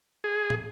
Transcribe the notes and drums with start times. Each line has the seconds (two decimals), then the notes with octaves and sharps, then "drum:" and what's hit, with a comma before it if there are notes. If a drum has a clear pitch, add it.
0.24 G#4
0.50 drum: tom